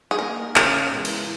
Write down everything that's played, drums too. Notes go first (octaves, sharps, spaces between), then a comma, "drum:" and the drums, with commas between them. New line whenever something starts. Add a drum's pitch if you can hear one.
G#4
A#3 D#4 A#4
C#3 A#4, drum: clap
E3 G#3 B3
drum: cymbal